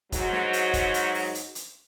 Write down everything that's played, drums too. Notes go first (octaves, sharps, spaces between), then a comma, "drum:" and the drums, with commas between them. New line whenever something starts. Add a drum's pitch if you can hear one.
G#2 F#3, drum: kick F1, hi-hat
drum: snare
drum: hi-hat
drum: kick F1, hi-hat
drum: hi-hat
drum: open hi-hat
drum: hi-hat
drum: hi-hat